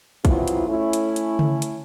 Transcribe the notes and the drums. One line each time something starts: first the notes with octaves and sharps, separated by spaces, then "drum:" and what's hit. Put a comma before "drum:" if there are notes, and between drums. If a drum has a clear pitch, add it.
C3 E3 F#3 B3 E4 F4, drum: kick, hi-hat
drum: hi-hat
A3 C#4 E4
drum: hi-hat
drum: hi-hat
drum: tom C#3
drum: hi-hat